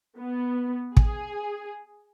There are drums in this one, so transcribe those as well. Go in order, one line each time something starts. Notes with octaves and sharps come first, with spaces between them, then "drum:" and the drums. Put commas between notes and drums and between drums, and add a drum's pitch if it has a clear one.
B3
G#4, drum: kick